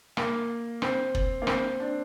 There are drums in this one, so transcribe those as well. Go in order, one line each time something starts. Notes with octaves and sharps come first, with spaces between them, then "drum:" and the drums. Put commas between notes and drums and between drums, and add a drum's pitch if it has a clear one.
A#3, drum: rim click
C4, drum: rim click
drum: kick
A#3
C4, drum: rim click
D4